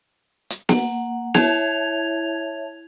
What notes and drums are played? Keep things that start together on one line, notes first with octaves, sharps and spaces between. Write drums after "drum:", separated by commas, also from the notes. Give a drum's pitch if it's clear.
drum: hi-hat
A#3 F#5, drum: snare
E4 C#5 E5 A5 G#6 F7, drum: snare